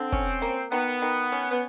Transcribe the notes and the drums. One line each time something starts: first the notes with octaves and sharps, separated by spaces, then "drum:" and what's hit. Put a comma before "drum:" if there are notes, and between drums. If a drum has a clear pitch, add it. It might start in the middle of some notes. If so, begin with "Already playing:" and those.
Already playing: D3 C4
C#4, drum: kick
A#3
D#3 B3
D#3
C#4
B3